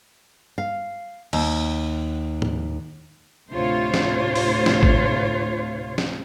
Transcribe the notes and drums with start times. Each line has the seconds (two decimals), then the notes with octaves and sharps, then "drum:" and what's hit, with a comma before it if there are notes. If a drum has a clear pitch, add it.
0.58 F5
1.33 D#2, drum: cymbal
2.42 drum: tom
3.51 D2 A2 C3 F4 C5 C#5
3.94 drum: snare
4.36 drum: open hi-hat
4.66 drum: snare
4.83 drum: kick G#1
5.98 drum: snare